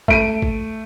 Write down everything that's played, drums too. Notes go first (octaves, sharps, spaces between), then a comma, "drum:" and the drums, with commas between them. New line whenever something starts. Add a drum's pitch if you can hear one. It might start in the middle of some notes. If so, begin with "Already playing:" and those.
A3 D7 D#7, drum: kick
drum: kick